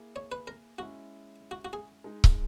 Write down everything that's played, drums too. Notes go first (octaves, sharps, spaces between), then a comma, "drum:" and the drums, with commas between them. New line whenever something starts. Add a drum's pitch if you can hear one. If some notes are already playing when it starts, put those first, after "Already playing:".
Already playing: A#3 E4 G#4
C#5
B4
A#4
G#3 C#4 E4 F#4
F#4
F#4
G#4
G#3 D#4 G#4
drum: kick C#1